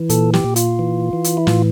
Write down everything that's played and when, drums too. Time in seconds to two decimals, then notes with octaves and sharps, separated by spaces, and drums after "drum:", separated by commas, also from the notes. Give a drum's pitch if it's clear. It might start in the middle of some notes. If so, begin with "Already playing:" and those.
Already playing: E3
0.10 A#2 A4, drum: hi-hat
0.34 G4, drum: snare
0.44 A#2
0.56 F4, drum: hi-hat
0.79 E3
1.13 E3
1.24 drum: hi-hat
1.37 E4
1.47 A2 F4, drum: snare